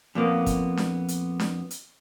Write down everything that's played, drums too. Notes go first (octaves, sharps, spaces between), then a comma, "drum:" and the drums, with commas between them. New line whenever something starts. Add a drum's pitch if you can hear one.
F2 A#2 A#3 B3
drum: kick, hi-hat
drum: snare D4
drum: hi-hat
drum: snare D4
drum: hi-hat